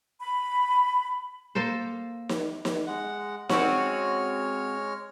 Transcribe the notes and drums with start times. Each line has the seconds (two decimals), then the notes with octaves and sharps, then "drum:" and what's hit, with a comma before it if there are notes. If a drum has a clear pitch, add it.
0.21 B5
1.55 A#3 A4 C5
2.29 drum: snare
2.65 drum: snare
2.87 G#3 F#5
3.49 G#3 C4 C#4 F#4 C#5 F6, drum: snare